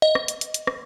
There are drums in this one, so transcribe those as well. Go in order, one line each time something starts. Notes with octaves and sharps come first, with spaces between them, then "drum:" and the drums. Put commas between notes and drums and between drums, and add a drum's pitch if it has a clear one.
D#5
drum: rim click
drum: hi-hat
drum: hi-hat
drum: hi-hat
drum: rim click